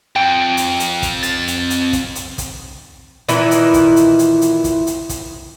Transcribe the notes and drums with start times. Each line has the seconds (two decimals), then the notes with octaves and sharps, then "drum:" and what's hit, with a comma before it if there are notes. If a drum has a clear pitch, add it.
0.16 F2 G5
0.57 drum: hi-hat
0.80 drum: hi-hat
1.02 drum: kick, hi-hat
1.23 A6, drum: hi-hat
1.48 drum: hi-hat
1.70 drum: hi-hat
1.93 drum: kick, hi-hat
2.15 drum: hi-hat
2.38 drum: kick, hi-hat
3.28 A#2 D#3 E3 E4, drum: hi-hat
3.51 drum: hi-hat
3.74 drum: kick, hi-hat
3.96 drum: hi-hat
4.19 drum: hi-hat
4.42 drum: hi-hat
4.64 drum: kick, hi-hat
4.87 drum: hi-hat
5.09 drum: kick, hi-hat